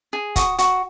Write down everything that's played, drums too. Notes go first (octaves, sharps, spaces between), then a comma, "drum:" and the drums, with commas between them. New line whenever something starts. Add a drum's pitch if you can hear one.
G#4
F#4 D#6, drum: kick, hi-hat
F#4, drum: hi-hat